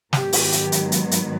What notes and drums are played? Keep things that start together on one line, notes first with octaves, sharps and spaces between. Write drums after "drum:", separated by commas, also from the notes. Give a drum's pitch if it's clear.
G#2 D#3 F#3 B3 G4, drum: snare
drum: open hi-hat
G4
drum: hi-hat
drum: hi-hat
drum: hi-hat
drum: hi-hat